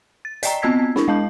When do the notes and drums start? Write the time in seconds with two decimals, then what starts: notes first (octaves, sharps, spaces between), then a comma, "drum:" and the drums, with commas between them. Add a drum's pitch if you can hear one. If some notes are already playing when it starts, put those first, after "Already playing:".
0.25 A6
0.43 D5 D#5 G5 A#5, drum: hi-hat
0.62 B3 C4 D#5 E6 G#6 B6
0.96 D4 E4, drum: snare
1.08 G#3 D#5 A5 G6